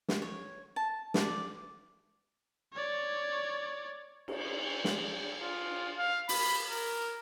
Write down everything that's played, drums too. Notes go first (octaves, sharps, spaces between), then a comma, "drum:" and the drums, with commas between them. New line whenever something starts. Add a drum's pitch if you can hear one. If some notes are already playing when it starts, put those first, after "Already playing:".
drum: snare
C#5
A5
D5, drum: snare
C#5 D5
drum: cymbal
drum: snare
F4
F5
B5, drum: open hi-hat
A#4